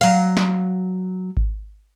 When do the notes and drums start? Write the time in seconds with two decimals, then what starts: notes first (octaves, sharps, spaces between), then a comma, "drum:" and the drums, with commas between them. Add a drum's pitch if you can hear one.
0.01 F#3 F5, drum: open hi-hat
0.37 drum: snare
1.37 drum: kick G#1